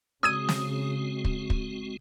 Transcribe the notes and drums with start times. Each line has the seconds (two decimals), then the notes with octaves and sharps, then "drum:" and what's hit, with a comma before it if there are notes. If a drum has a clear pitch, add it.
0.23 C#3 G#3 C4 F#4 D#6 E6 G#6 D#7
0.49 drum: snare
1.25 drum: kick
1.50 drum: kick